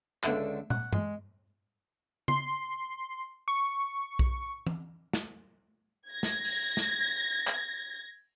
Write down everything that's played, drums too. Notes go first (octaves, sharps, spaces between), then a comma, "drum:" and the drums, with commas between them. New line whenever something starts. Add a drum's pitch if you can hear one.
C#2 D3 E5, drum: clap
F#5, drum: tom
G#3, drum: tom G2
C6, drum: tom
C#6
drum: kick B1
drum: tom
drum: snare
G#6 A#6
drum: snare
drum: open hi-hat
drum: snare
drum: clap